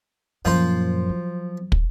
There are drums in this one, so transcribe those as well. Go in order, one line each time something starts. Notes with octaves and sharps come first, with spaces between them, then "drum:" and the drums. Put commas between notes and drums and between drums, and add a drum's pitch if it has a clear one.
F#2 A#2 F3 F4 C5
F#3
drum: kick